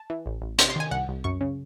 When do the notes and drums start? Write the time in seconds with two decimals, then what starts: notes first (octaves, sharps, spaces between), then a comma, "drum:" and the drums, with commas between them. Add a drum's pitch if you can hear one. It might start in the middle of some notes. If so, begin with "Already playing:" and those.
Already playing: A5
0.10 E3
0.26 A1
0.42 A1
0.58 C3 C6, drum: hi-hat
0.70 C6
0.76 D#3 G#5
0.91 C2 F#5
1.08 C2
1.24 F#2 C#6
1.41 C#3